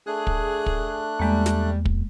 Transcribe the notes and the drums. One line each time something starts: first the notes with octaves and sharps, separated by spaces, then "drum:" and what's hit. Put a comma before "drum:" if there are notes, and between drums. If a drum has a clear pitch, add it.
A3 D4 G#4 F#6
drum: kick
drum: kick
E2 G3 G#3 A#3
drum: snare
drum: kick